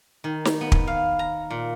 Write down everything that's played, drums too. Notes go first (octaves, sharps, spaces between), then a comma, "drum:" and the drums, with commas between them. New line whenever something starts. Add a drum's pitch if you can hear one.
D#3
drum: snare
B3
drum: kick
F5
A#5
A#2